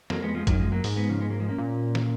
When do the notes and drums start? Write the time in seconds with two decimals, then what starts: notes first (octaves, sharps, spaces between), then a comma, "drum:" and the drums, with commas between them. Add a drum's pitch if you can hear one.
0.10 F2 F#3 A#3, drum: snare
0.22 G#3 B3
0.35 F3 G#3
0.47 F#2 D#3 F#3, drum: kick G#1, hi-hat
0.59 F3 G#3
0.72 F#3 A#3
0.84 G#2, drum: open hi-hat
0.96 G#3 B3
1.09 C#3 F3
1.21 G#3 B3
1.30 F#3 A#3
1.40 F3 G#3
1.49 A#3 C#4
1.58 A#2
1.95 drum: snare